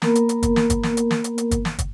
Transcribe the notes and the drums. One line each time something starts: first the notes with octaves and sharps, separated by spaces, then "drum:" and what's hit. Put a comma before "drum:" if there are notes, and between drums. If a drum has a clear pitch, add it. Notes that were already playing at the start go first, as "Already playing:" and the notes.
A#3 B3 A#4, drum: snare
drum: hi-hat
drum: hi-hat
drum: kick, hi-hat
drum: snare
drum: kick, hi-hat
drum: snare
drum: hi-hat
drum: snare
drum: hi-hat
drum: hi-hat
drum: kick, hi-hat
drum: snare
drum: kick, hi-hat